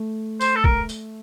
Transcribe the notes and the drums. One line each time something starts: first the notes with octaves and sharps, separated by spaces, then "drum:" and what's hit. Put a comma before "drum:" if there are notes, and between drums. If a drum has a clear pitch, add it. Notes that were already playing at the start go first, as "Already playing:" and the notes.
Already playing: A3
C5, drum: tambourine
A4
A#4, drum: kick
drum: tambourine